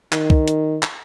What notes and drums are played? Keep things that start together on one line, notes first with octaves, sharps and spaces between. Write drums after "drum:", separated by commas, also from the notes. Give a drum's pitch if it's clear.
D#3, drum: clap
drum: kick C2
drum: hi-hat
drum: clap